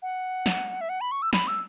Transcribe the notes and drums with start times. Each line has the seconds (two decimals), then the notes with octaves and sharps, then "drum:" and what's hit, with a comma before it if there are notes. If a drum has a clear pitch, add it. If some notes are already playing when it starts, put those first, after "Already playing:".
0.02 F#5
0.46 drum: snare
0.81 E5
0.89 F#5
1.01 B5
1.12 C#6
1.22 E6
1.33 B5, drum: snare
1.48 E6